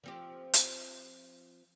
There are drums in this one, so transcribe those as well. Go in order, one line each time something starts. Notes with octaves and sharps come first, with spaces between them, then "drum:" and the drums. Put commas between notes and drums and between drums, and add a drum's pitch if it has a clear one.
F3 C4 G4
drum: hi-hat